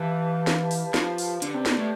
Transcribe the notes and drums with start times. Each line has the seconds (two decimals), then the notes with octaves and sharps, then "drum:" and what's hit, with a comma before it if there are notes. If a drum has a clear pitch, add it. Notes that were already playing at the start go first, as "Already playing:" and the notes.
Already playing: E3 G4 B4 F5 A5
0.47 drum: snare
0.71 drum: open hi-hat
0.94 F3, drum: snare
1.18 drum: open hi-hat
1.42 D3 G4 B4 D5 A5, drum: hi-hat
1.54 C3
1.66 B2, drum: snare
1.78 A2